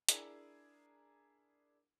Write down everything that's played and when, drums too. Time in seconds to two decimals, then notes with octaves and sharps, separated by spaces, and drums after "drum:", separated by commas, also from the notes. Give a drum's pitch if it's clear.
0.09 D4 E4 G#4 A#4, drum: hi-hat